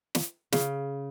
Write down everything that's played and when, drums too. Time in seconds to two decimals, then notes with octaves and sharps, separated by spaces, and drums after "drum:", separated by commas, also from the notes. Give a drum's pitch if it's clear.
0.15 drum: snare
0.52 C#3, drum: snare